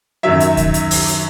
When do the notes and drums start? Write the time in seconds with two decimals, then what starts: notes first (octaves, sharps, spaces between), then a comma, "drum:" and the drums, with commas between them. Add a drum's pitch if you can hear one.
0.23 F#2 D#3 F#3 E5
0.40 drum: hi-hat
0.57 drum: kick D2, hi-hat
0.74 drum: hi-hat
0.91 drum: open hi-hat
1.07 drum: hi-hat